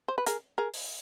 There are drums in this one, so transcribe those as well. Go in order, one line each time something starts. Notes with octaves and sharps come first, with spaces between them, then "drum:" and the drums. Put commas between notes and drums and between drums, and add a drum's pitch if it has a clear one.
C5
B4
G#4 A#4, drum: hi-hat
G#4 A#4
drum: open hi-hat